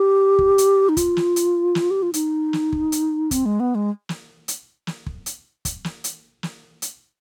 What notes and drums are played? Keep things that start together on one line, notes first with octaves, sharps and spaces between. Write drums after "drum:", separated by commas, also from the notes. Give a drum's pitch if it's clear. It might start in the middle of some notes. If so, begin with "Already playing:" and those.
Already playing: G4
drum: kick
drum: hi-hat
D#4
F4, drum: kick, hi-hat
drum: snare
drum: hi-hat
drum: snare
G4
F4
D#4, drum: hi-hat
drum: snare
drum: kick
drum: hi-hat
C4, drum: kick, hi-hat
G#3
B3
G#3
drum: snare
drum: hi-hat
drum: snare
drum: kick
drum: hi-hat
drum: kick, hi-hat
drum: snare
drum: hi-hat
drum: snare
drum: hi-hat